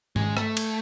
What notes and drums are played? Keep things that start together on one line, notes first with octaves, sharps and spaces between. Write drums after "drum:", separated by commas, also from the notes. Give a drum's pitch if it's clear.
G#3, drum: tom G#2
A3, drum: rim click
drum: cymbal